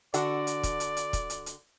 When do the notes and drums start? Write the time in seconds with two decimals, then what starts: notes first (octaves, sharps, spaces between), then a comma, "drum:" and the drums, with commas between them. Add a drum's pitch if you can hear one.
0.14 D3 D4 F#4 D5, drum: hi-hat
0.47 drum: hi-hat
0.63 drum: kick, hi-hat
0.80 drum: hi-hat
0.97 drum: hi-hat
1.13 drum: kick, hi-hat
1.30 drum: hi-hat
1.46 drum: hi-hat